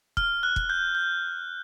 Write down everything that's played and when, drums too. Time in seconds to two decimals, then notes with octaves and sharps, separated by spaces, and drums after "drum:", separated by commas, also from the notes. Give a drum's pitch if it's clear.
0.17 F6, drum: kick
0.43 F#6
0.56 drum: kick
0.70 G6
0.95 G6